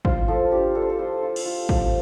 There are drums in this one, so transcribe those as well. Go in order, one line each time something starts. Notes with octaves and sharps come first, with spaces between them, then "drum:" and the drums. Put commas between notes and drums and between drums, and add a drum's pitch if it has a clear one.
F4 C5, drum: kick
F3 A4
D4 G4
D4 A4
C5
A4
F3 C5
F4
drum: cymbal
F4
F3, drum: kick